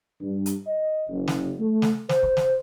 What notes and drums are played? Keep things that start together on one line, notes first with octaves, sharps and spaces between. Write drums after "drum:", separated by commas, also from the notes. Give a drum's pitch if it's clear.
G2
drum: hi-hat
D#5
F#1
drum: snare
A3
drum: snare
C5, drum: snare
drum: kick
drum: snare